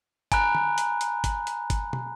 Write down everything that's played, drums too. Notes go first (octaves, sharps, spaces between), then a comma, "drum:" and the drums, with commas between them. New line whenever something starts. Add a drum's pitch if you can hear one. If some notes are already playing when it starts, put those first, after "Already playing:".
G#5 A#5 B5 F#6, drum: kick G1, hi-hat
drum: tom D3
drum: hi-hat
drum: hi-hat
drum: kick G1, hi-hat
drum: hi-hat
drum: kick G1, hi-hat
drum: tom